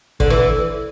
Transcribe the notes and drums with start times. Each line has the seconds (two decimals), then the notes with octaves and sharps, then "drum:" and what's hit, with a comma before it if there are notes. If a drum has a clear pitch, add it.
0.20 D3, drum: kick G#1
0.30 E3